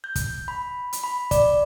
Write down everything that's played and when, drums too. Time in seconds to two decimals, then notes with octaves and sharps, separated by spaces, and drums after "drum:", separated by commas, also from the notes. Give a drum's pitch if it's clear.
0.04 G6
0.16 drum: kick, hi-hat
0.48 B5
0.93 drum: hi-hat
1.04 B5
1.31 D5, drum: kick, hi-hat